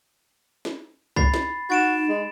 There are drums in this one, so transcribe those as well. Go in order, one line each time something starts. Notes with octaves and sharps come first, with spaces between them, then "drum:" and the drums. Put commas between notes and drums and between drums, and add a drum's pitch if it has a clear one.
drum: snare
B5 A6 C7, drum: kick B1
drum: snare
D#4 F#4 A6 D7 E7
G#3